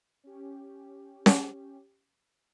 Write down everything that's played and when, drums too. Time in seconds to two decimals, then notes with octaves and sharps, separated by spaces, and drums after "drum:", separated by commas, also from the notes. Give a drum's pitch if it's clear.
0.24 C#4 G4
1.26 drum: snare C#4